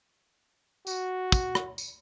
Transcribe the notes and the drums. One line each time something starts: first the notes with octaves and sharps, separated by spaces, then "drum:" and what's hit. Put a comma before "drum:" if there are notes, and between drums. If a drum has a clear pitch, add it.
F#4, drum: tambourine
drum: kick, tambourine
drum: rim click
drum: tambourine